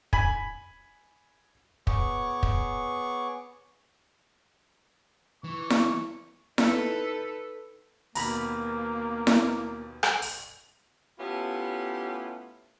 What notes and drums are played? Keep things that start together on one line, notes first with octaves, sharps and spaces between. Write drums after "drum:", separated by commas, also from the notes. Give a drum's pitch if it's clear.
G#5 B5, drum: kick
B3 G#4 C#5 C#6 D6, drum: kick
drum: kick
E3 C#6
drum: snare E4
D#4 A4 B4, drum: snare E4
D#2 B2 A#3 A#5 B5, drum: open hi-hat
drum: snare E4
drum: rim click
drum: open hi-hat
A3 B3 C#4 E4 F4 G4